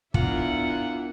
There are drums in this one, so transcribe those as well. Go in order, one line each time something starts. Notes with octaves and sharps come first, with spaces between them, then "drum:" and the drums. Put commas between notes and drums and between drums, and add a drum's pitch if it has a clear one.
A#2 A#3 B3 D4 E4 F4 F#5, drum: kick